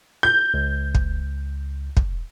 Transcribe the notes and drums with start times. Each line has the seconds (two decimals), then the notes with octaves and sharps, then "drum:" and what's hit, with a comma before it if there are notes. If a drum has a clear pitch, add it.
0.23 G6
0.54 C#2
0.95 drum: kick
1.97 drum: kick